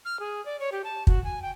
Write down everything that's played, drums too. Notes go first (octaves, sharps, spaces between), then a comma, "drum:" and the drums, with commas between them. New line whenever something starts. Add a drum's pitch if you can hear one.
F6
G#4
D5
C#5
G4
A5
F#4, drum: kick
G#5
G5